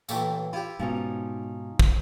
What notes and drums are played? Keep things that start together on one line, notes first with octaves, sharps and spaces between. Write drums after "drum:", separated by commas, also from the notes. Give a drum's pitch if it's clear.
A1 A#2 E3 A3 E5 G5, drum: tambourine
E4 F4 G4
G#2 B2 F3 C#4 D#4
drum: kick